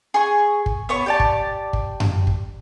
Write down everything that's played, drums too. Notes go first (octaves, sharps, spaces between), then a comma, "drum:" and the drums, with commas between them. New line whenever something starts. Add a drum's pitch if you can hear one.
G#4 C#6
drum: kick
B3 C#5 C#6
G4 D5 A5
drum: kick
drum: kick
drum: tom F#2
drum: kick